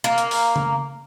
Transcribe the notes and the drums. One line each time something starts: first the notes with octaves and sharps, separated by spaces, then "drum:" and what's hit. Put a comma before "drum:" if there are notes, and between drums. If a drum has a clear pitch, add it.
A#3
drum: hi-hat
drum: open hi-hat
drum: tom C#3